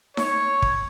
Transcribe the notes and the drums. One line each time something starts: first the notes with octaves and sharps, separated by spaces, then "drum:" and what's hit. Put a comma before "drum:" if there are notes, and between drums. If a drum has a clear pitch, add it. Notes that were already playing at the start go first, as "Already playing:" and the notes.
C#5, drum: snare D#4
drum: kick